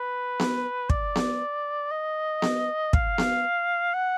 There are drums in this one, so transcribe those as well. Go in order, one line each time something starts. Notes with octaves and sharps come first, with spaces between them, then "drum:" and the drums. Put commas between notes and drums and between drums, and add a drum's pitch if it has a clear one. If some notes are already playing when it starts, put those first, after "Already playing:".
Already playing: B4
drum: snare B3
D5, drum: kick
drum: snare B3
D#5
drum: snare B3
F5, drum: kick
drum: snare B3
F#5